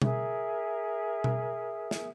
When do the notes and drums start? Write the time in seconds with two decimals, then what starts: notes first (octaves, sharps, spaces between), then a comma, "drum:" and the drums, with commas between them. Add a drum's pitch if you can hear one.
0.02 G#4 A#4 E5, drum: tom B2
1.24 drum: tom B2
1.91 drum: snare